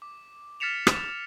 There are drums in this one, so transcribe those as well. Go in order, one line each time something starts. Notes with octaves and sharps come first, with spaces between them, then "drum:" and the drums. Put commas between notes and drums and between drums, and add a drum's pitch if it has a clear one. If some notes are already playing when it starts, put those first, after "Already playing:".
D6
F6 A6 B6 C#7 E7 F7
drum: rim click